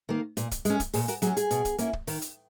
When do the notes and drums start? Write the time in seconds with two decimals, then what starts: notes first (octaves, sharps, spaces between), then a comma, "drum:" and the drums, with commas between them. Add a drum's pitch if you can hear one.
0.09 D#3 A#3
0.37 A#2, drum: hi-hat
0.51 drum: kick, hi-hat
0.65 G#3 C#4, drum: hi-hat
0.80 drum: kick, hi-hat
0.93 A#2 G#4, drum: open hi-hat
1.08 F#4 A#4, drum: hi-hat
1.22 F#3 G#4, drum: hi-hat
1.27 C#4
1.37 G#4, drum: hi-hat
1.51 B2, drum: hi-hat
1.65 drum: kick, hi-hat
1.78 A#3 C#4 E4, drum: hi-hat
1.93 drum: kick
2.07 D#3, drum: open hi-hat
2.22 drum: hi-hat